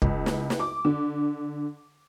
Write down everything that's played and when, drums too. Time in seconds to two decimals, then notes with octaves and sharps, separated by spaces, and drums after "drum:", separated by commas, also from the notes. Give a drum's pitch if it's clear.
0.02 C#2, drum: kick
0.26 drum: snare
0.50 drum: snare
0.59 D6
0.85 D3